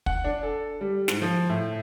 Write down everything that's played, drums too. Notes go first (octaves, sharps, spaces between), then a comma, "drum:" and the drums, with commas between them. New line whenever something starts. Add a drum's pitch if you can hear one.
F#5, drum: kick
D4
A4
G3
G#2, drum: snare
F3
A2